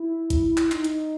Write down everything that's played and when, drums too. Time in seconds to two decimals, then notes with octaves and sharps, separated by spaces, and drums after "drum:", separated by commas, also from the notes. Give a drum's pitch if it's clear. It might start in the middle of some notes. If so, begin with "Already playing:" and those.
Already playing: E4
0.30 drum: kick G#1, hi-hat
0.57 drum: clap
0.72 D#4, drum: clap
0.84 drum: hi-hat